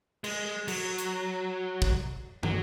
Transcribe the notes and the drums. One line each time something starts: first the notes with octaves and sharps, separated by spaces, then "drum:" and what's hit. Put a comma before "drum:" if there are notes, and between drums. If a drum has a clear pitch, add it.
G#3, drum: cymbal
F#3, drum: cymbal
drum: hi-hat
drum: kick
F#3, drum: tom